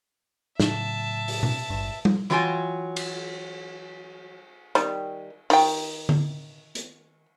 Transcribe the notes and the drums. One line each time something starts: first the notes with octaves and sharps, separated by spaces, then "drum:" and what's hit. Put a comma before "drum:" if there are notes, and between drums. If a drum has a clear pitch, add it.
A2 C#3 F#3 E5 A5, drum: snare
drum: open hi-hat
drum: tom B2
G#1 G2
drum: tom G3
E3 F#3 F4 A4 G5 G#5
drum: cymbal
D#3 G3, drum: hi-hat
D#3 G5, drum: open hi-hat
drum: tom D3
drum: hi-hat